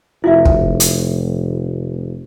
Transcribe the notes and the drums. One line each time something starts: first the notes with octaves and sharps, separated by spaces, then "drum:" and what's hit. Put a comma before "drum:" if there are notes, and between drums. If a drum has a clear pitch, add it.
F1 E4 F#4 E5
drum: kick
drum: hi-hat